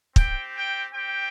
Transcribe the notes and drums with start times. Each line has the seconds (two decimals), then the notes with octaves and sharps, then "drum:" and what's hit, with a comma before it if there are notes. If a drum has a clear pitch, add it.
0.16 C4 G4 G5, drum: kick
0.54 G5
0.92 C4 G4 G5